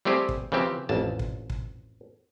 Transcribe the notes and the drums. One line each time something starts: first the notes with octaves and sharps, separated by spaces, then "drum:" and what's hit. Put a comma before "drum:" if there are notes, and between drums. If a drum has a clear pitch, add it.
G3 A3 C4 G4 G#4
drum: kick
C#3 E3 F3 C4 G4
A1 F2 A5
drum: kick
drum: kick